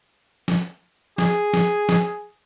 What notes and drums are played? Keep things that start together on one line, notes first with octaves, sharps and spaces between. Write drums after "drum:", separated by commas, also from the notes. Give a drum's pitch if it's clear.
drum: snare
G#4, drum: snare
drum: snare
drum: snare